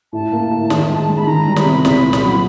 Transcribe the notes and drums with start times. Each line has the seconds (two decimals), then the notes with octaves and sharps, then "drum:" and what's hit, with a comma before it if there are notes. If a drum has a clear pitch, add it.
0.13 A2 A5
0.32 A#3
0.51 A2
0.70 D#3, drum: snare
0.89 G#3
1.09 G#3
1.17 B5
1.27 D#3 A#5
1.47 G3
1.56 B5, drum: snare
1.65 C3
1.85 C2, drum: snare
2.03 A#2
2.13 drum: snare
2.22 F#3